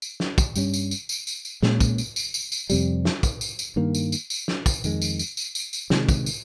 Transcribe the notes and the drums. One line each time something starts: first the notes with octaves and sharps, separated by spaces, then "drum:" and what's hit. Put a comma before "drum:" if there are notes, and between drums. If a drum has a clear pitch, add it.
drum: tambourine
drum: snare
drum: kick, tambourine
G2 G3 C#4, drum: tambourine
drum: tambourine
drum: tambourine
drum: tambourine
drum: tambourine
drum: tambourine
A#2 G#3 C#4, drum: snare
drum: kick, tambourine
drum: tambourine
drum: tambourine
drum: tambourine
drum: tambourine
F2 C3 G3, drum: tambourine
drum: snare
drum: kick, tambourine
drum: tambourine
drum: tambourine
G2 D#3 A#3
drum: tambourine
drum: tambourine
drum: tambourine
drum: snare
drum: kick, tambourine
F2 D#3 G#3, drum: tambourine
drum: tambourine
drum: tambourine
drum: tambourine
drum: tambourine
drum: tambourine
C3 D#3 G#3, drum: snare
drum: kick, tambourine
drum: tambourine